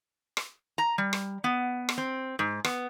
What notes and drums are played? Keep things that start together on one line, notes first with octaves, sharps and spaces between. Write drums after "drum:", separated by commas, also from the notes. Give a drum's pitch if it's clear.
drum: rim click
A#5
G3
drum: rim click
B3
drum: rim click
C4
G#2
B3, drum: rim click